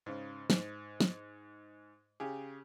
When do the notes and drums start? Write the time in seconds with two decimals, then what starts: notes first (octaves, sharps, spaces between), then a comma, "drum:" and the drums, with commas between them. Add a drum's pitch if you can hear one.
0.06 G#2 C#3
0.50 G#2, drum: snare
1.00 drum: snare
2.20 C#3 G4 G#4